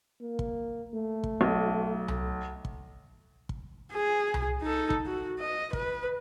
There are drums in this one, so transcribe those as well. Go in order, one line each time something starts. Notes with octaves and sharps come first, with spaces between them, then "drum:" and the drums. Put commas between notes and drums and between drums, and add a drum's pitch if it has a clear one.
A#3
drum: kick
A3
drum: kick
B1
drum: tom C2
drum: kick
drum: kick
G#4
drum: tom C2
D#4 A4
drum: kick
F#4
D#5
B4, drum: kick